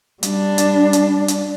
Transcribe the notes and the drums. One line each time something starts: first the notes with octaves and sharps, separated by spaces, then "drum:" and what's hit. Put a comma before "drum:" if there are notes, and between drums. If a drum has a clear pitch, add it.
G3 D4, drum: hi-hat
drum: hi-hat
drum: hi-hat
drum: hi-hat